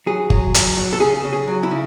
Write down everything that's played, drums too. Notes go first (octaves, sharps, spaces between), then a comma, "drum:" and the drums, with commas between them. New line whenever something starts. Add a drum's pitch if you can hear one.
F#3 G#4
F#3, drum: kick G1
F#3, drum: hi-hat
F#3
A4
C#3 G#4
C#3
G#4
F#3
E4
C#3